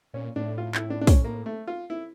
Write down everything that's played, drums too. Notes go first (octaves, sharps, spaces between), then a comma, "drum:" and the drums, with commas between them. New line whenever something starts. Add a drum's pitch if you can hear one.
A#2 C#4
A2 D4
F4
E4, drum: clap
D4
D4
C#4, drum: kick, open hi-hat
A#3
A3
F4
E4